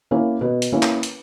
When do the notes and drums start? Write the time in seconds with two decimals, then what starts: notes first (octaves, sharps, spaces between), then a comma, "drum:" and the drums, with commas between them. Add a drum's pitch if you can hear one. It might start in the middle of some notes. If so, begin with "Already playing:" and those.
0.11 A#3 C#4 E4
0.41 B2 B4
0.62 drum: hi-hat
0.72 A#3 C#4 E4
0.83 drum: clap
1.03 drum: hi-hat